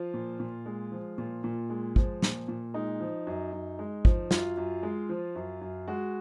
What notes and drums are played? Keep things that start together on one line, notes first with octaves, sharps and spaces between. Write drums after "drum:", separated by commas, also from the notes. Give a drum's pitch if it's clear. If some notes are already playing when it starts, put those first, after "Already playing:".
Already playing: F3 F4
A#2
A#2
G#3
F3
A#2 F4
A#2
G#3
F3, drum: kick
A#2, drum: snare
A#2
G#3 D#4
F3
F#2
F#2
G#3
F3, drum: kick
F#2 F4, drum: snare
F#2
G#3
F3
F#2
F#2
G#3 F#4